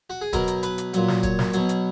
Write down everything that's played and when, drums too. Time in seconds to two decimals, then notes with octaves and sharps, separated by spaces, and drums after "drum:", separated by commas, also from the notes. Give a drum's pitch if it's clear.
0.10 F#4
0.21 G#4
0.33 B2 F#3 A#4, drum: kick, hi-hat
0.48 drum: hi-hat
0.63 B4, drum: hi-hat
0.78 drum: hi-hat
0.94 A#2 F#3, drum: hi-hat
1.08 drum: snare
1.23 C#5, drum: kick, hi-hat
1.39 drum: snare
1.53 B2 F#3, drum: hi-hat
1.69 drum: hi-hat